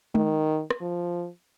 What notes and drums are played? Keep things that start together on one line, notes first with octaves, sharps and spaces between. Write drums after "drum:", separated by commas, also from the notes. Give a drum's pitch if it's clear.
D#3, drum: tom G#3
drum: rim click
F3